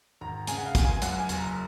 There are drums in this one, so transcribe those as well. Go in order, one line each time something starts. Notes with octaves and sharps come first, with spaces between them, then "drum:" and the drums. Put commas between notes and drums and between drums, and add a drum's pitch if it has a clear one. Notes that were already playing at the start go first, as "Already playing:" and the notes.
G#1 A#5
C#3 G#5, drum: hi-hat
F#5
F5
C#2, drum: kick, hi-hat
G#5
F#2 F#5, drum: hi-hat
G#5
F#1, drum: hi-hat
A#5